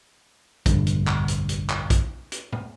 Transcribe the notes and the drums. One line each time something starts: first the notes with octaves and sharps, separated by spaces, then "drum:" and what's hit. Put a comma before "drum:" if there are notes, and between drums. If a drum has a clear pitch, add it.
F1 A#1 G2 D3, drum: kick A#1, hi-hat
drum: hi-hat
drum: clap
drum: hi-hat
drum: hi-hat
drum: clap
drum: kick A#1, hi-hat
drum: hi-hat
drum: tom A2